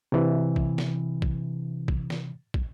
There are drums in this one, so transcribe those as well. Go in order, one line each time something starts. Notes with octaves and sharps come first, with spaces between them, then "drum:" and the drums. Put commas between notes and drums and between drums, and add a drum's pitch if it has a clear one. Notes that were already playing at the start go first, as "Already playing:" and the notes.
C3 E3
drum: kick
drum: snare
drum: kick
drum: kick
drum: snare
drum: kick